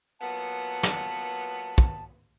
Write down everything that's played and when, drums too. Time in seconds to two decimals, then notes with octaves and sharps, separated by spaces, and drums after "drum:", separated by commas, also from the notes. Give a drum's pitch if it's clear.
0.20 A#2 F#3 B3 A5
0.83 drum: snare
1.78 drum: kick